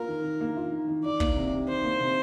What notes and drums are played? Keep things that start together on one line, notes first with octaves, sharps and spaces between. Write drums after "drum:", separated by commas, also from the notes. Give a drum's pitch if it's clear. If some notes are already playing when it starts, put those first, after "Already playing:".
Already playing: A#3 F4 A#4
D#3
D#3
A#3
F4
D#3
D#3
D#3 D5
A#3, drum: kick
C3
C3
D#3 C5
A#3
C3